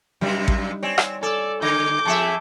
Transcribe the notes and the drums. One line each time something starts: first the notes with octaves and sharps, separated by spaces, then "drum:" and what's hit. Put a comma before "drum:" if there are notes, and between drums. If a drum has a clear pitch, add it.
F#2 C3 G3 D4 D#4
drum: kick A1
C4 C#5 D5 G#5
drum: rim click
A4 D5 G#5 E6
D3 A#5 D6 G6
F2 G#4 E5 A5 C#6 E6